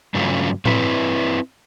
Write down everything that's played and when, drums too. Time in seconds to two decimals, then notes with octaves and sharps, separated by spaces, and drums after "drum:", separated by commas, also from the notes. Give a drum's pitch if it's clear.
0.14 G2 C#3 F#3 A3 C#4 F4
0.65 C4 E4 B4, drum: tom A2